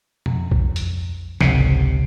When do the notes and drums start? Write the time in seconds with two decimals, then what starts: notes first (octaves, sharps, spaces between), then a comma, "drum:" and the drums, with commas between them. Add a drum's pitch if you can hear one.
0.26 F2, drum: tom
0.51 drum: kick
0.76 drum: hi-hat
1.41 G#1 C#2 C3, drum: snare